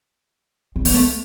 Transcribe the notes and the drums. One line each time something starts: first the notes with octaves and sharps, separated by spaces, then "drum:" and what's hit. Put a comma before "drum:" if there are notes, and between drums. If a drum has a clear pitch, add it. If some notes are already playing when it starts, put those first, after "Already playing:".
C4
B3, drum: open hi-hat
A3